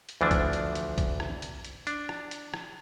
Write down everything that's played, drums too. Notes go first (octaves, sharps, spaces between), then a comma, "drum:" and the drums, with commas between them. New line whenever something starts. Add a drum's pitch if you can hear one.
drum: hi-hat
D2 E3 F3 D4
drum: kick, hi-hat
drum: hi-hat
drum: hi-hat
drum: kick, hi-hat
drum: rim click
drum: hi-hat
drum: hi-hat
D4, drum: hi-hat
drum: rim click
drum: hi-hat
drum: rim click